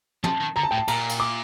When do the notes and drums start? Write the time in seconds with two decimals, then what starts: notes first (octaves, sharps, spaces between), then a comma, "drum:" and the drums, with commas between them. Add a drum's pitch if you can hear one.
0.24 F3 A5, drum: tom
0.41 D#3
0.56 D3 A#5
0.63 A5
0.71 A2 G5
0.78 A5
0.88 A#2 A#5, drum: cymbal
1.09 drum: cymbal
1.20 D6